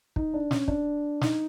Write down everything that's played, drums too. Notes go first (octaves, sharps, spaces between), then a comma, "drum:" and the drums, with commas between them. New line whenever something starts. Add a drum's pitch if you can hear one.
D#4, drum: kick
D4
C#4, drum: snare
D4, drum: kick
D#4, drum: snare